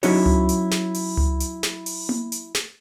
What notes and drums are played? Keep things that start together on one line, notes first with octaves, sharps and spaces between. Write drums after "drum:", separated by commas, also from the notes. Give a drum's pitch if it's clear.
F#3 C#4 D#4 E4 F#4 C#5, drum: open hi-hat
drum: tom C#2
drum: hi-hat
drum: snare
drum: open hi-hat
drum: tom C#2
drum: hi-hat
drum: snare
drum: open hi-hat
drum: tom A#3
drum: hi-hat
drum: snare